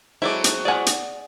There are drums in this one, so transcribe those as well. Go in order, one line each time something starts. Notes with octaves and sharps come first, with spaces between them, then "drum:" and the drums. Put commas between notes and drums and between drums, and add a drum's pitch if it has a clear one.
F#3 G#3 C4 E4 A4 D5
drum: hi-hat
G#4 D5 F#5 G#5
drum: hi-hat